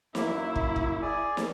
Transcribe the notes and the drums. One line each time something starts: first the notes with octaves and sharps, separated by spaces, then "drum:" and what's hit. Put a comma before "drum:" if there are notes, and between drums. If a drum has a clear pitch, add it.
F#2 A#3 E4, drum: snare
drum: kick
drum: kick
G#4 D5 G#5
drum: snare